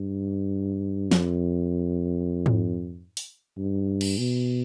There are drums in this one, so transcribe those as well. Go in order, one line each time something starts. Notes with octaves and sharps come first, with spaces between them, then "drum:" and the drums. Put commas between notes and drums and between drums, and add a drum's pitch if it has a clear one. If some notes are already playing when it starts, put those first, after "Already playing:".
Already playing: G2
F2, drum: snare
drum: tom G#2
drum: open hi-hat
G2
drum: cymbal
B2